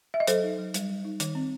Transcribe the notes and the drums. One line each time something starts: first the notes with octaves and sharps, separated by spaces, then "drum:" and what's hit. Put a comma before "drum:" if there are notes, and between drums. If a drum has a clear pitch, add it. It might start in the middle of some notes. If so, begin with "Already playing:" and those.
E5
D#5
F#3 A4 C5, drum: hi-hat
D#4
F#3
G3, drum: hi-hat
G3
D#4
D#3, drum: hi-hat
C4